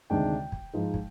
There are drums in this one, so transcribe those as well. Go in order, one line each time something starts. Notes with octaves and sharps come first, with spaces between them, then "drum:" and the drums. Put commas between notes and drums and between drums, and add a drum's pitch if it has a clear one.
D2 C3 D#3 G#3 D4 G5
drum: kick
G#2 F3 G#3 D#4
drum: kick